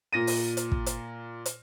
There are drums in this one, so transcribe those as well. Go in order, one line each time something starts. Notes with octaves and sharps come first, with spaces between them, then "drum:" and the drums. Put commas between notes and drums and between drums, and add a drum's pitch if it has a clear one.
A#2 A#6 D#7
drum: open hi-hat
drum: hi-hat
drum: kick
drum: hi-hat
drum: hi-hat